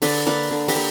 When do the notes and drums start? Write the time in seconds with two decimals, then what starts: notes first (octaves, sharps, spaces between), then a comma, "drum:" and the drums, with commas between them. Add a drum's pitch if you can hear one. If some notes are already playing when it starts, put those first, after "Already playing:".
0.02 D3 B4 D5, drum: open hi-hat
0.27 A#3 B4 D5
0.51 D3
0.68 G4 B4, drum: open hi-hat
0.76 A#3